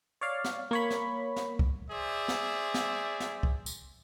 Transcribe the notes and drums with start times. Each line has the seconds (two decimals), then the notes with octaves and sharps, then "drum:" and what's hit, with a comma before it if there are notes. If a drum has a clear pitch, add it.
0.21 C#5 D5 F5
0.44 drum: snare
0.71 A#3 C#5 B5
0.90 drum: snare
1.36 drum: snare
1.59 drum: kick C2
1.91 G#4 C5 D5 E5
2.28 drum: snare
2.74 drum: snare
3.20 drum: snare
3.43 drum: kick C2
3.66 drum: tambourine